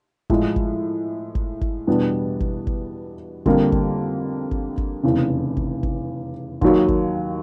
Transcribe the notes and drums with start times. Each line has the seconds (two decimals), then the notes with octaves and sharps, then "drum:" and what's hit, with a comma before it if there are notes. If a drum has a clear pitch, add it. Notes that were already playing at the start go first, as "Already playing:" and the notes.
0.30 A2 F3 G#3, drum: kick G1
0.56 drum: kick G1
1.35 drum: kick G1
1.61 drum: kick G1
1.87 E2 B2 G3 B3 D4
2.40 drum: kick G1
2.67 drum: kick G1
3.46 F2 D3 G3 A#3, drum: kick G1
3.72 drum: kick G1
4.51 drum: kick G1
4.78 drum: kick G1
5.03 F1 E2 C#3
5.57 drum: kick G1
5.83 drum: kick G1
6.61 D#2 D#3 F#3 A#3, drum: kick G1
6.88 drum: kick G1